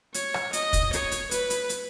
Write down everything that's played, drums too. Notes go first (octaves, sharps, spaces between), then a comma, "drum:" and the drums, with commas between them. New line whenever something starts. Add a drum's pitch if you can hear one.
C#5, drum: hi-hat
drum: rim click
D#5, drum: hi-hat
drum: kick, hi-hat
C#5, drum: hi-hat
drum: hi-hat
B4, drum: hi-hat
drum: hi-hat
drum: hi-hat